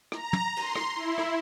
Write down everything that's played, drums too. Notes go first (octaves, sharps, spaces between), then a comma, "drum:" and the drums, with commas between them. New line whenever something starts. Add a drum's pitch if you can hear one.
A#5, drum: rim click
drum: tom
C6, drum: cymbal
drum: rim click
E4
drum: rim click